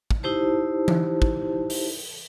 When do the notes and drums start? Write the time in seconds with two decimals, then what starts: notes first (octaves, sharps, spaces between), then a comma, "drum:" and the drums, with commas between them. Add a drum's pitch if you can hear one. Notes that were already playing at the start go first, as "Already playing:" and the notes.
0.11 drum: kick
0.23 D#4 E4 G4 C5 A5
0.88 drum: tom E3
1.22 drum: kick
1.70 drum: open hi-hat